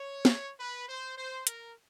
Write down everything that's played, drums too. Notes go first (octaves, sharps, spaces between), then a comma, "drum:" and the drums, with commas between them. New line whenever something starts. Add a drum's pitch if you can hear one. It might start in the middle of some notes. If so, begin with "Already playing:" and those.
Already playing: C#5
drum: snare
B4
C5
C5
A#4, drum: hi-hat